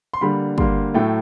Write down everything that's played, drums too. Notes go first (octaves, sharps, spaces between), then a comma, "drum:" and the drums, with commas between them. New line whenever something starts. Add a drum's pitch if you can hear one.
C6
D3 G3 A#3 B5
D3 G3 A#3 C6, drum: kick
A2 F#3 A3 G5